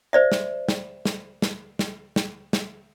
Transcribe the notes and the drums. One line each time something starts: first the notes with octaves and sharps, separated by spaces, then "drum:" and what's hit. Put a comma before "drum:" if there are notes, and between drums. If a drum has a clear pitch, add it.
C5 D5 E5
drum: snare
drum: snare
drum: snare
drum: snare
drum: snare
drum: snare
drum: snare